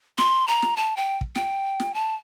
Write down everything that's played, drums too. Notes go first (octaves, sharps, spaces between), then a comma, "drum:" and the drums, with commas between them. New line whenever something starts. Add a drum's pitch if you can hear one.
C6, drum: snare
A#5
drum: snare
A5
G5
drum: kick
G5, drum: snare
drum: snare
A5